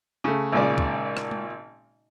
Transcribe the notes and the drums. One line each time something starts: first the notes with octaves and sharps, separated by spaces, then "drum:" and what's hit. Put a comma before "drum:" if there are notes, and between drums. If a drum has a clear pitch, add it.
C#3 A3
G#1 A#2 C#3 D5
drum: kick
drum: rim click
drum: tom G#3